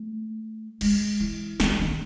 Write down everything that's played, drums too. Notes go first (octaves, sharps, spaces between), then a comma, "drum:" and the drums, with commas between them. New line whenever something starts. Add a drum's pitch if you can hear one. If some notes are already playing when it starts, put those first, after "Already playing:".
Already playing: A3
G#3, drum: cymbal
E3
D#3, drum: snare
D#3